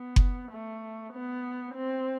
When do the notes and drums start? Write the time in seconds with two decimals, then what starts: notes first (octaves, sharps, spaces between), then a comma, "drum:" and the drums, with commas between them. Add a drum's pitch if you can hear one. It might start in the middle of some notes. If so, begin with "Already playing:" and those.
Already playing: B3
0.16 drum: kick F#1
0.51 A3
1.13 B3
1.74 C4